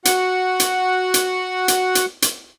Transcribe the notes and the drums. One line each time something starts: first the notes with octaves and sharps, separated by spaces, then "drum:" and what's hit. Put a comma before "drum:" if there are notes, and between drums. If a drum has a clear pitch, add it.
F#4 F#5, drum: hi-hat
drum: hi-hat
drum: hi-hat
drum: hi-hat
drum: hi-hat
drum: hi-hat